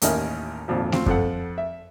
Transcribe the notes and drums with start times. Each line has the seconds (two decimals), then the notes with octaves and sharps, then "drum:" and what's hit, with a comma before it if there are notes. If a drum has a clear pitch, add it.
0.02 A1 D#2 C#4 A#4 D#5 E5, drum: hi-hat
0.68 G#1 F2 A#2
0.92 C4 F4 F#4, drum: snare A3
1.06 F2 A4 F#5, drum: kick F#2
1.58 E5